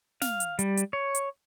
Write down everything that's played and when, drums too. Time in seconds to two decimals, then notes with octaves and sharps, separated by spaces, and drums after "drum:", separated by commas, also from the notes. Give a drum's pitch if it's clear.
0.22 F5, drum: snare
0.40 drum: hi-hat
0.59 G3, drum: hi-hat
0.77 drum: hi-hat
0.93 C#5
1.15 drum: hi-hat